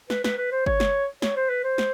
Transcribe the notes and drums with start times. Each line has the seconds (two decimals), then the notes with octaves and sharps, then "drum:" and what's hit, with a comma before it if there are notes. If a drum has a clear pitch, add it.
0.10 B4, drum: snare
0.24 B4, drum: snare
0.38 B4
0.52 C5
0.66 C#5, drum: kick
0.80 drum: snare
1.22 C#5, drum: snare
1.37 C5
1.50 B4
1.64 C5
1.78 drum: snare